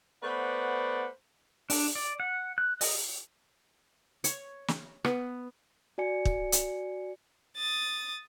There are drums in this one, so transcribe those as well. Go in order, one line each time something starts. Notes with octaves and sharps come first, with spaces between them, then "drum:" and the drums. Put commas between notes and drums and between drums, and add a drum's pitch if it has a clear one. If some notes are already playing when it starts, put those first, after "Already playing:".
A3 B3 B4 C5 D5 F#5
D4, drum: open hi-hat
D5
F#5
F#6
D#5, drum: open hi-hat
C#5, drum: hi-hat
drum: snare
B3, drum: rim click
F#4 D5 G#5 C#7
drum: kick
drum: hi-hat
D#6 A6